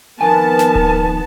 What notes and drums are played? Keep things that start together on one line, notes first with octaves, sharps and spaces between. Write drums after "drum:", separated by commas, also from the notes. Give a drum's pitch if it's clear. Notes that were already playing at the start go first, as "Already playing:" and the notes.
F2 D#3 B3 A#4 G#5 A5
drum: snare
drum: kick D1